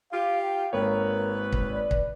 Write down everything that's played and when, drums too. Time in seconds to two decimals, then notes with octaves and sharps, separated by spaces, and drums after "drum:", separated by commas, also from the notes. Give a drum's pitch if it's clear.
0.12 F4 G4 F5
0.42 G5
0.73 G#1 A#3 A#4 B4 C#5
1.53 drum: kick
1.72 D5
1.91 drum: kick